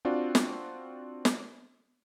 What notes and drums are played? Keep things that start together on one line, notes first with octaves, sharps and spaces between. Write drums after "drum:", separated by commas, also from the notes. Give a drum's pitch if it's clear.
C4 D4 F4 F#4 D5
drum: snare
drum: snare